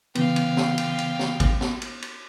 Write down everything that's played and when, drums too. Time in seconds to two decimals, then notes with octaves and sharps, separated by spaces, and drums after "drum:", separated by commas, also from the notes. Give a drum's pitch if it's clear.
0.15 C#3 E3 B3 F5 G5, drum: cymbal
0.36 drum: cymbal
0.57 drum: snare
0.78 drum: cymbal
0.98 drum: cymbal
1.19 drum: snare
1.40 drum: kick, cymbal
1.61 drum: snare
1.82 drum: cymbal
2.02 drum: cymbal